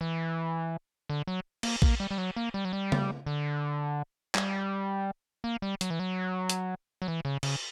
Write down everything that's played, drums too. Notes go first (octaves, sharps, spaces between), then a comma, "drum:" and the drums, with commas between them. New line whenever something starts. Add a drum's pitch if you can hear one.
E3
D3
F#3
A#3, drum: cymbal
A#3, drum: kick A#1
G3
G3
F#3
A#3
G3
F#3
G3
drum: tom C#3
D3
G3, drum: clap
A#3
G3
F#3, drum: hi-hat
E3
F#3
drum: hi-hat
F#3
E3
C#3
C#3, drum: cymbal